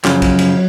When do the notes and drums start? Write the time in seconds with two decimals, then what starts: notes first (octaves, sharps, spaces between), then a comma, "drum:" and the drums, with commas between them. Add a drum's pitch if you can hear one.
0.05 F#2 C#3 F3 F#3, drum: clap
0.22 drum: kick, cymbal
0.39 drum: cymbal